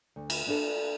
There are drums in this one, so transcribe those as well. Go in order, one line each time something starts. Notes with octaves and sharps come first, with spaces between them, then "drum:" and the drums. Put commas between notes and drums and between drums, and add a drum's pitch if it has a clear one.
D2
drum: cymbal
A#3 D4 A4